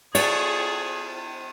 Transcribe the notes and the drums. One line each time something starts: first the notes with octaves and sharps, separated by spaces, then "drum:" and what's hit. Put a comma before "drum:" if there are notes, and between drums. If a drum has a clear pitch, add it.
F4 G#4 A4 C#5 D5, drum: cymbal